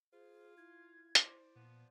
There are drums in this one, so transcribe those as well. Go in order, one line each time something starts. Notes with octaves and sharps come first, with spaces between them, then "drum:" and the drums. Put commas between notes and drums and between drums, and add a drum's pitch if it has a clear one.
F4 G#4 C5
E4 G#6
C5 D5, drum: hi-hat
A#2 F3 B3